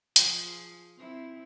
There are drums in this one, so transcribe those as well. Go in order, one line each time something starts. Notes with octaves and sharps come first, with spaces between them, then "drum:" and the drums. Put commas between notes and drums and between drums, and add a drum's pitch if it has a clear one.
F3 G#4, drum: hi-hat
C4 E4